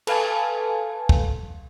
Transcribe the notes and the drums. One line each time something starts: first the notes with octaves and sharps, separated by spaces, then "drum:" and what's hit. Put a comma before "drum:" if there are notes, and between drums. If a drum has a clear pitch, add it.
A4 B4 F5 G#5 A5, drum: cymbal
drum: kick